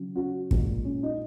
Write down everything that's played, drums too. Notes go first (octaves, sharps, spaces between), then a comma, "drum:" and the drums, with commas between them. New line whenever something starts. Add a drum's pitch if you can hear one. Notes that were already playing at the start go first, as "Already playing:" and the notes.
Already playing: C#3 F#3
C#4 F#4
A#2 G#3, drum: kick
C#4
D#4